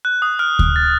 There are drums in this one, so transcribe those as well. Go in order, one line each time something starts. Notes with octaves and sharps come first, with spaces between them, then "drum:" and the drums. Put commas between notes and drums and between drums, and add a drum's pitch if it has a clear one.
F#6
D#6
F6
drum: kick D2
A6